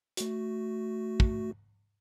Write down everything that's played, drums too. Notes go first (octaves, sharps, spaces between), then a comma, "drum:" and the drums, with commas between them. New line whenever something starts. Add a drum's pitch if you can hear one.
A3 F#4, drum: hi-hat
drum: kick